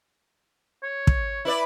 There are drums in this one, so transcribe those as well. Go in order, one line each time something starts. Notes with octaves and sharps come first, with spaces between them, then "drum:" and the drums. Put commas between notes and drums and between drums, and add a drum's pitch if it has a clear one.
C#5
drum: kick
E4 B4 D5